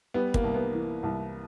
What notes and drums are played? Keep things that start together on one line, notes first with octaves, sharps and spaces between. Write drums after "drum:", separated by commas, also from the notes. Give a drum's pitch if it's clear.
G3 B3
A#3, drum: kick
C2
B3
E3
C2